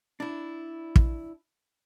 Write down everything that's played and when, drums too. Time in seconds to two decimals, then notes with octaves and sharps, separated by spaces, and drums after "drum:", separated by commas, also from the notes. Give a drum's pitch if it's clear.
0.20 D4 E4
0.96 drum: kick